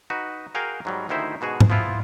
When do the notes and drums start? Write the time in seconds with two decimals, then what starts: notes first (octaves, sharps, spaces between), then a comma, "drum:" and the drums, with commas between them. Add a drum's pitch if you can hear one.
0.10 D#4 F#4 B4
0.55 F#4 G#4 A#4 F5 G5 G#5
0.85 G#2 F#3 G3
1.09 D2 D#3 D#4 E4 C5 E5
1.41 G#2 B2 F#4 G#4
1.60 drum: tom G#2
1.70 F3 B3 E4 F4